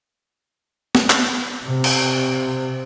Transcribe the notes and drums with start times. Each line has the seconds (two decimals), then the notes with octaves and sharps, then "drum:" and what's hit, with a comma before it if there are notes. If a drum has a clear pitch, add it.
0.95 drum: snare
1.10 drum: clap
1.65 C3
1.84 drum: cymbal